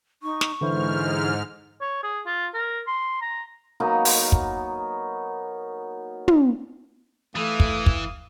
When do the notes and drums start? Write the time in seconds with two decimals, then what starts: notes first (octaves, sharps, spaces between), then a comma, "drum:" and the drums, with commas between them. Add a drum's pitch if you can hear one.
0.23 D#4 C#6
0.41 drum: snare
0.61 G#2 D3 E3 E4 C5 F6
1.81 C#5
2.03 G#4
2.26 F4
2.54 A#4
2.87 C6
3.22 A#5
3.80 F#3 A#3 B3 D#4
4.05 drum: open hi-hat
4.32 drum: kick
6.28 drum: tom
7.36 E3 A3 F5 D#6
7.60 drum: kick
7.86 drum: kick